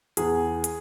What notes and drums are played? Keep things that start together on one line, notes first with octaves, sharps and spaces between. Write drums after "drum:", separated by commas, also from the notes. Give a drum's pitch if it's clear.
E2 G#4, drum: hi-hat
drum: hi-hat